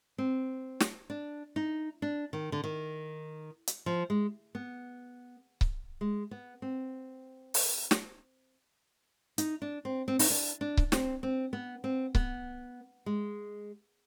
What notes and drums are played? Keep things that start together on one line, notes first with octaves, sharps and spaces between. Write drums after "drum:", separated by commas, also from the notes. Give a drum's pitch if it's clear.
C4
drum: snare
D4
D#4
D4
D#3
D3
D#3
drum: hi-hat
F3
G#3
B3
drum: kick C#1
G#3
B3
C4
drum: open hi-hat
drum: snare
D#4, drum: hi-hat
D4
C4
C4
D#4, drum: open hi-hat
D4
D4
drum: kick C#1
C4, drum: snare
C4
B3
C4
B3, drum: kick C#1
G#3